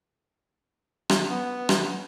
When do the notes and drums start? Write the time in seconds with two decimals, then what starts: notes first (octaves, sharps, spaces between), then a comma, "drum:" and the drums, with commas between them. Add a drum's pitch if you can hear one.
1.09 drum: rim click
1.29 B3
1.69 drum: rim click